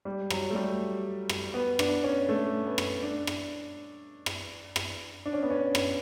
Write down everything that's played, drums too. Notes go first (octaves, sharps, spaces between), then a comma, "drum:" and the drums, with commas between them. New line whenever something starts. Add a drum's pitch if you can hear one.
G3
F#3, drum: rim click
A3
G3
drum: rim click
B3
D4, drum: rim click
C#4
A3
B3
drum: rim click
D4
drum: rim click
drum: rim click
drum: rim click
D4
C#4
B3
C#4
drum: rim click